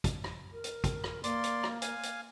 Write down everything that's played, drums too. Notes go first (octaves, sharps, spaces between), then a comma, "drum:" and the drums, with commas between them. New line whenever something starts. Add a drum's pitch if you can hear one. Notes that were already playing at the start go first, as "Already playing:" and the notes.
drum: kick, hi-hat
drum: rim click
A#4
drum: hi-hat
drum: kick, hi-hat
drum: rim click
A#3 D5 C6, drum: hi-hat
drum: hi-hat
drum: rim click
F5 G#5, drum: hi-hat
drum: hi-hat